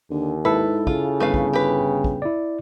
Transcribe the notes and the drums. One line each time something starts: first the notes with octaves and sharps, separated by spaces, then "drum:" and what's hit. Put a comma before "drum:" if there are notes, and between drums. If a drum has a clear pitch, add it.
D#2 D3
G#2 E4 A4 B4
C#3 F4, drum: kick
G1 A3 B4 F5
drum: kick
G4 B4
drum: kick
E4 D5